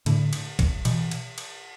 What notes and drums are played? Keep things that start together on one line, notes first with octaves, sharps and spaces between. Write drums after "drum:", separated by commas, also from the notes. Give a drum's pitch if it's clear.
A2 D3, drum: cymbal
drum: cymbal
drum: kick, cymbal
B2 E3, drum: cymbal
drum: cymbal
drum: cymbal